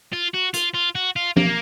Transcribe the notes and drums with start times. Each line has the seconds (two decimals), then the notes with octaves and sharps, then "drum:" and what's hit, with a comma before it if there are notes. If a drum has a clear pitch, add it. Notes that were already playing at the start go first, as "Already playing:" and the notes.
0.13 F4
0.34 F#4
0.54 F4, drum: hi-hat
0.74 F4
0.95 F#4
1.16 F4
1.37 A#3, drum: tom F3